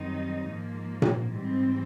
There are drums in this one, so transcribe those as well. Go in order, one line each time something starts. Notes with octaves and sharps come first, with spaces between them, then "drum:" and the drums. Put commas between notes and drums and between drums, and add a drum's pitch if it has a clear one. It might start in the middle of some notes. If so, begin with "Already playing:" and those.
Already playing: F#2 D#3 G3 C4 D#4
G#2 F3 A#3
drum: tom A#2
G#2 E3 G3 C4